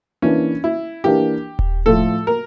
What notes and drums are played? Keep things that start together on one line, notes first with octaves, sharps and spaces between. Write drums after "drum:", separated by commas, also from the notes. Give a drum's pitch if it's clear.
E3 A#3 C#4 D4
E4
E3 A#3 D4 G4
drum: kick D#1
A2 F3 A3 A4
A#4